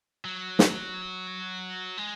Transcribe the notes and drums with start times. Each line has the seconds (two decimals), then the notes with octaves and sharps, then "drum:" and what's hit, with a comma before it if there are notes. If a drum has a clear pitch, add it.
0.25 F#3
0.59 drum: snare
1.98 G#3